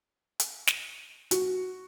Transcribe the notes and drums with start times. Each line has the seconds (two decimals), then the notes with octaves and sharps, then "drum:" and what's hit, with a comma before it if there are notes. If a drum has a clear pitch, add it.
0.40 drum: hi-hat
0.67 drum: snare
1.31 F#4, drum: hi-hat